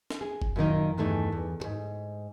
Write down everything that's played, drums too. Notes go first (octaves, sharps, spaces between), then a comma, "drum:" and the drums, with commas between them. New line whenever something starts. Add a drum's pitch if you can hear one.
drum: snare
G#4
drum: kick
F#2 A#2 D#3 D#4
E2 G2 E3 A3 D#4
E2
D2 G#2